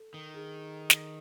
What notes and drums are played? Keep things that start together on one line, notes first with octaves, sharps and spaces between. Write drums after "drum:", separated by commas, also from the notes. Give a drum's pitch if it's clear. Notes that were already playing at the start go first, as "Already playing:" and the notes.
Already playing: A4
D#3
G#4
drum: snare